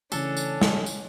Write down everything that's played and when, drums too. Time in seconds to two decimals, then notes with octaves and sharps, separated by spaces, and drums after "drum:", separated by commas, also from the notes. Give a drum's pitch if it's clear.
0.12 C#3 E3 A3 C#4 D4 A4, drum: tambourine
0.37 drum: tambourine
0.61 drum: snare
0.86 drum: tambourine